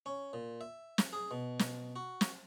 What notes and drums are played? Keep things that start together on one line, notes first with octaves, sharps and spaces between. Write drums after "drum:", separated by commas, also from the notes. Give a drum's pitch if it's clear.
C#4
A#2
E5
drum: snare
G#4
B2
drum: snare
F#4
drum: snare